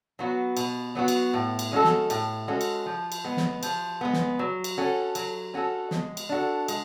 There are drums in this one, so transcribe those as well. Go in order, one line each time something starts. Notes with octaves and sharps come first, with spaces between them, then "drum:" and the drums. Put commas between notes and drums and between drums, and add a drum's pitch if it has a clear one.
F#3 B3 F#4
B2, drum: cymbal
F#3 B3 F#4
drum: cymbal
A2
drum: cymbal
G#3 C#4 F#4 A4
drum: snare
A2, drum: cymbal
G#3 C#4 F#4 A4
drum: cymbal
F3
drum: cymbal
G#3 B3
drum: snare
F3, drum: cymbal
G#3 B3
drum: snare
F#3
drum: cymbal
C#4 F#4 A4
F#3, drum: cymbal
C#4 F#4 A4
G#3, drum: snare
drum: cymbal
D4 F#4 A4
G#3, drum: cymbal